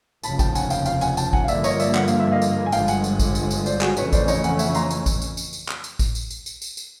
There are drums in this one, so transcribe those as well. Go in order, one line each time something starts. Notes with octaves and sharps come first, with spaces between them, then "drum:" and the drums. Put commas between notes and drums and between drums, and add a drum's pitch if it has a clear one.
F1 D#2 C#3 F3 A5 B5, drum: tambourine
G5 A5, drum: kick A1, tambourine
F#5 G#5, drum: tambourine
F5 G5, drum: tambourine
F5 G5, drum: tambourine
F#5 G#5, drum: tambourine
G5 A5, drum: tambourine
F#5 G#5, drum: kick A1
F5
G2 D3 F3 A#3 D5 E5, drum: tambourine
C#5 D#5, drum: tambourine
D5 E5, drum: tambourine
F#5, drum: clap
F5, drum: tambourine
E5
D#5 F5
drum: tambourine
G#5
G1 G2 D3 F3 G#3 F5 G5, drum: tambourine
F#5 G#5, drum: tambourine
drum: tambourine
drum: kick A1, tambourine
drum: tambourine
drum: tambourine
C5 D5, drum: tambourine
F#4 G#4, drum: clap
F2 C#3 E3 A3 C#4 B4 C#5, drum: tambourine
C5 D5, drum: kick A1, tambourine
C#5 D#5, drum: tambourine
F#5 G#5, drum: tambourine
E5 F#5, drum: tambourine
A#5 C6, drum: tambourine
drum: tambourine
drum: kick A1, tambourine
drum: tambourine
drum: tambourine
drum: tambourine
drum: clap
drum: tambourine
drum: kick A1, tambourine
drum: tambourine
drum: tambourine
drum: tambourine
drum: tambourine
drum: tambourine